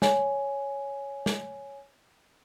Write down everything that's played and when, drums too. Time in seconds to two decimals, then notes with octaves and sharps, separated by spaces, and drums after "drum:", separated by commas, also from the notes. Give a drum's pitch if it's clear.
0.02 C#5 G#5, drum: snare
1.26 drum: snare